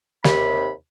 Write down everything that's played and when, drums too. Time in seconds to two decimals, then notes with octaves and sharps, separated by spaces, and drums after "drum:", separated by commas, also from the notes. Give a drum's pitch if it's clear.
0.24 D#2 C3 B5, drum: snare